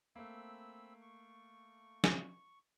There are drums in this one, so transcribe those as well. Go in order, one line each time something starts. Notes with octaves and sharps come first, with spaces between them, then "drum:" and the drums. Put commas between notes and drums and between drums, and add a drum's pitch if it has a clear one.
A3 A#3 C4 B5 E6
C#6
drum: snare